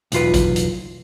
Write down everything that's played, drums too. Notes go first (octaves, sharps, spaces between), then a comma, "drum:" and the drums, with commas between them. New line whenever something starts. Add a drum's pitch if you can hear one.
B1 E2 F4 B4, drum: hi-hat
drum: kick A1, hi-hat
drum: hi-hat